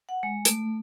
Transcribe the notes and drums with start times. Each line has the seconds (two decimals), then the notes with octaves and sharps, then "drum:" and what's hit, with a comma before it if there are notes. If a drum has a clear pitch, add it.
0.09 F#5
0.23 G#3
0.45 A3, drum: hi-hat